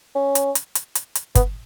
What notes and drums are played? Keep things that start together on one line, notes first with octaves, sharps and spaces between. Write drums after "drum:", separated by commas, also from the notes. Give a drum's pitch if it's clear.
C#4
drum: hi-hat
drum: hi-hat
drum: hi-hat
drum: hi-hat
drum: hi-hat
B3, drum: kick G1, hi-hat